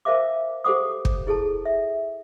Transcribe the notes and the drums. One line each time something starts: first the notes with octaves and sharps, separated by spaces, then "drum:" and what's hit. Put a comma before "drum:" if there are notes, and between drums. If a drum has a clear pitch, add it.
A#4 C5 E5 F5 D6
G4 A4 C5 F#5 D6 D#6
drum: kick
E4 G#4 A4 A5
E5